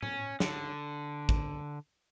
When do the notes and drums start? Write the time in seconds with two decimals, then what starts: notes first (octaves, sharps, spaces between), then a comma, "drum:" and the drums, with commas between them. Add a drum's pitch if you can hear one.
0.03 C#4, drum: tom A2
0.40 D3, drum: snare
1.29 drum: kick